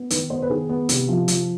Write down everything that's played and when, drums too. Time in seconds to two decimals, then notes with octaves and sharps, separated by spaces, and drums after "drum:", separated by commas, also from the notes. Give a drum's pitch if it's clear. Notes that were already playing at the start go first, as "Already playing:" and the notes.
Already playing: B3
0.10 D#3 B4, drum: hi-hat
0.30 B3 C5
0.42 B4
0.50 D#3 G#4
0.69 B3
0.89 C3, drum: hi-hat
1.09 F3
1.28 F3, drum: hi-hat